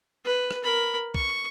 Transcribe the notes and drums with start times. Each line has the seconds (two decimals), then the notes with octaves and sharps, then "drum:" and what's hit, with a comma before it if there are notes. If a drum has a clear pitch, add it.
0.25 B4
0.51 drum: rim click
0.64 A#4 B5
1.14 C#6, drum: kick